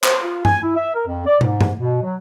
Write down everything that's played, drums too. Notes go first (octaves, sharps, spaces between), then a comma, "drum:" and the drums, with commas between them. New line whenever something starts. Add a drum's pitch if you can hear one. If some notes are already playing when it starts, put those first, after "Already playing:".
C5, drum: clap
F4
G#5, drum: tom G2
E4
E5
A#4
F2
D5
G#2, drum: tom
drum: tom G2
B2
F#3